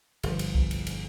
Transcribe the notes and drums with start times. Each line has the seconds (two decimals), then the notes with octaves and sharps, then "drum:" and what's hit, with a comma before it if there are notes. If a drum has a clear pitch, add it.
0.23 G1 F3, drum: cymbal
0.39 drum: cymbal
0.55 drum: kick C2
0.71 drum: cymbal
0.87 drum: cymbal